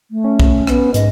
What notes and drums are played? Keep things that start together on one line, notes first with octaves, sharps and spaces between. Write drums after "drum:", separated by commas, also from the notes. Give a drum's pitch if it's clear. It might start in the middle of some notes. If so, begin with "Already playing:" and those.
A3
C#4
drum: kick B1
B3, drum: rim click
G#2 D#5, drum: hi-hat